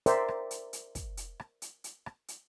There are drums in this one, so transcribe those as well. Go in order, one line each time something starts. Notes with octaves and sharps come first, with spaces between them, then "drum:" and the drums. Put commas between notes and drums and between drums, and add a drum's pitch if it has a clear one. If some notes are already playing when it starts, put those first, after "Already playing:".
A#4 C5 D5 E5 G5, drum: hi-hat
drum: rim click
drum: hi-hat
drum: hi-hat
drum: kick, hi-hat
drum: hi-hat
drum: rim click
drum: hi-hat
drum: hi-hat
drum: rim click
drum: hi-hat